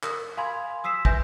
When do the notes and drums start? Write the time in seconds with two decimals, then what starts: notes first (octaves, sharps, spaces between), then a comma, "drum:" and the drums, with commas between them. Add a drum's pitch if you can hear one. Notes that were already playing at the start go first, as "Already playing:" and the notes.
0.03 A#4 D#6, drum: clap
0.37 F5 G#5 B5 C6 G#6
0.84 D#6 E6 B6 C7 E7
1.05 B4 E5 G#5 G6 A#6, drum: kick